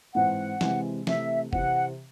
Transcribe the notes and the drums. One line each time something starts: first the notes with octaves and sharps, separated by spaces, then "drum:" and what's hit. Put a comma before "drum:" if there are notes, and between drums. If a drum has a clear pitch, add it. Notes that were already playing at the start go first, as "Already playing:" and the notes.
G#2 E3 C4 F#5
C3 E3 G#3 C4, drum: snare
C3 E3 A3 E5, drum: snare
C3 E3 C4 F#5, drum: kick